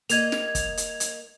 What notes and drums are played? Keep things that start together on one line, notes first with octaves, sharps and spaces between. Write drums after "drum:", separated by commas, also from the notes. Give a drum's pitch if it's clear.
A#3 D#5 G#6 F7, drum: hi-hat
drum: snare
drum: kick, hi-hat
drum: hi-hat
drum: hi-hat